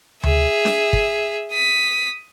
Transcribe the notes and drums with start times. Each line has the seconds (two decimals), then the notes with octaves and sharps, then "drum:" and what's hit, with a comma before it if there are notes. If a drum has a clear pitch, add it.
0.23 G#4 E5, drum: tom D2
0.65 drum: snare D4
0.93 drum: kick
1.51 D#6 B6